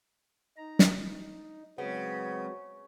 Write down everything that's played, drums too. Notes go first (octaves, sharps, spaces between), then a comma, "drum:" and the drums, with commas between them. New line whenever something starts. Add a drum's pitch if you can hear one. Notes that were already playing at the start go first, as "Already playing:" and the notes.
D#4 A#5
drum: snare
D#4
C#3 F#3 G#3 B3 C4